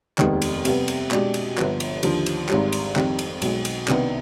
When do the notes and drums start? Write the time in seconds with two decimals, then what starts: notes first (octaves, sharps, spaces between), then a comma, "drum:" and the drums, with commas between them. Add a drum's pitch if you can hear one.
0.18 F1 D#2 D#3 G#3 B3, drum: clap
0.42 drum: cymbal
0.65 C3 G3 B3, drum: cymbal
0.88 drum: cymbal
1.11 B2 G#3 D4 G4, drum: clap
1.34 drum: cymbal
1.58 G1 G2 F3 B3, drum: clap
1.80 drum: cymbal
2.03 D#2 D3 F3, drum: cymbal
2.26 drum: cymbal
2.49 G#1 G#2 G3, drum: clap
2.72 drum: cymbal
2.96 F2 D#3 G3, drum: clap
3.19 drum: cymbal
3.42 B1 B2 G#3, drum: cymbal
3.65 drum: cymbal
3.88 C2 C3 D#3 B3 D4, drum: clap